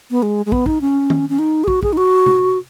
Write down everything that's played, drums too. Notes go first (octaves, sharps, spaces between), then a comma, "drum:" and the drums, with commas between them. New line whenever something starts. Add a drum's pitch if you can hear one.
B3
G#3
G#3
B3, drum: kick
D#4, drum: kick
C#4
drum: tom D#3
C#4
D#4
G#4
F#4, drum: kick
G#4, drum: kick
D#4
F#4
drum: tom C3